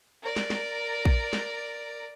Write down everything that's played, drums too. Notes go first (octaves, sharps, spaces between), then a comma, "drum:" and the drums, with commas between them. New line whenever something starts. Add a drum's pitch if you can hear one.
A#4 D5
drum: snare
drum: snare
drum: kick A#1
drum: snare